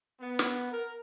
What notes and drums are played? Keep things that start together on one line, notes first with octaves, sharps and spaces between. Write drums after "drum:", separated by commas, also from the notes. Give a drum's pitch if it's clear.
B3
drum: snare
A#4